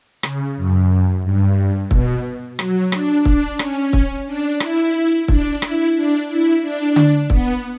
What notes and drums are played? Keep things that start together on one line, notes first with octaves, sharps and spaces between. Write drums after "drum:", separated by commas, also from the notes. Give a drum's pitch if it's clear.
C#3, drum: rim click
F#2
G2
B2, drum: kick
F#3, drum: rim click
D4, drum: rim click
D4, drum: kick
C#4, drum: rim click
drum: kick
D4
E4, drum: rim click
D4, drum: kick
E4, drum: rim click
D4
E4
D4
drum: tom D3
B3, drum: kick